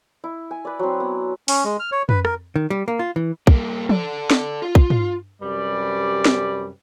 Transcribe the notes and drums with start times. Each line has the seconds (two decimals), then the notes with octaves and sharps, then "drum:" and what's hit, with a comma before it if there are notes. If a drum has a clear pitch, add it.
0.24 E4
0.51 G#5
0.65 B4 D5
0.79 F#3 C4
1.00 B3
1.48 C#4, drum: open hi-hat
1.64 G#3
1.80 F6
1.92 C#5
2.09 B4, drum: tom
2.25 A#4, drum: rim click
2.56 D#3
2.70 G3
2.88 A#3
2.99 F4
3.16 E3
3.47 G2 A#3, drum: kick
3.89 A4 D5, drum: tom
4.31 drum: snare
4.62 F4
4.75 drum: kick
4.90 drum: tom
5.41 F#2 C3 G3 B4 D5
6.25 drum: snare